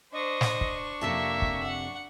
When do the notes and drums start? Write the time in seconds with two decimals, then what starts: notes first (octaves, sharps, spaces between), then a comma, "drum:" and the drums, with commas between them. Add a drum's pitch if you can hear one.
0.13 D4 C5 D#5 C#6
0.41 drum: snare
0.61 drum: kick
1.01 F2 C3 A#3 E5 A5
1.42 drum: kick
1.63 F#5